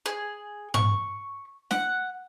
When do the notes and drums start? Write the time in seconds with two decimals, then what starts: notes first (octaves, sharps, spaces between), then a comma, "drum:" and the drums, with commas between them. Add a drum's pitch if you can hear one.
0.06 G#4
0.74 C#6, drum: tom G#2
1.71 F#5, drum: snare